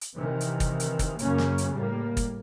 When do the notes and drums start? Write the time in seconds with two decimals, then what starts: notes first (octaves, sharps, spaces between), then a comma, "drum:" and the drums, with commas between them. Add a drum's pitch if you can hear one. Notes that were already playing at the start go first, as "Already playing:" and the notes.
0.01 drum: hi-hat
0.17 C3 D#3 E3
0.40 drum: hi-hat
0.60 drum: kick, hi-hat
0.80 drum: hi-hat
0.99 drum: kick, hi-hat
1.19 F#2 C#3 A#3 C#4, drum: hi-hat
1.38 drum: snare
1.58 drum: hi-hat
1.72 A2 G3 A#3
2.17 drum: kick, hi-hat